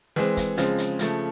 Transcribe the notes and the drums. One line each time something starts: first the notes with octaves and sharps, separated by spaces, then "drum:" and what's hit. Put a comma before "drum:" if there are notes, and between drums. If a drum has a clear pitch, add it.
E3 G#3 C4, drum: snare
drum: kick, hi-hat
C#3 F3 G#3 C4, drum: hi-hat
drum: hi-hat
C#3 F3 A3, drum: hi-hat